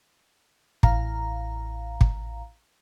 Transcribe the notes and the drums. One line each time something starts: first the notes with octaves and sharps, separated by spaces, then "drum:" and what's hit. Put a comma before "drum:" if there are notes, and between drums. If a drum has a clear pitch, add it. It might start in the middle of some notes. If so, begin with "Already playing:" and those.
A1 F5 A#5, drum: kick
drum: kick